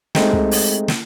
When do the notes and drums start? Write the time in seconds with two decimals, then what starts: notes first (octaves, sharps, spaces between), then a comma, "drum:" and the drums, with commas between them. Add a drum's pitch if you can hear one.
0.15 G#3 A3 C4 D#4 G4, drum: snare
0.33 drum: kick
0.51 drum: open hi-hat
0.88 drum: snare